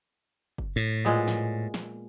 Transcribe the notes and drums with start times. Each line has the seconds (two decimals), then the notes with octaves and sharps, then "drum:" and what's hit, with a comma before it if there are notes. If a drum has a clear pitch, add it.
0.58 drum: kick
0.76 A2
1.05 A#2 G#3 B3
1.28 drum: snare
1.74 drum: snare